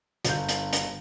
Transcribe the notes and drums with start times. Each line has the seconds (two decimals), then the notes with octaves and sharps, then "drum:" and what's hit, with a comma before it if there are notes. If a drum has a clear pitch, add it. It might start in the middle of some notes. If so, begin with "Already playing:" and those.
0.25 G1 G6, drum: hi-hat
0.49 drum: hi-hat
0.73 drum: hi-hat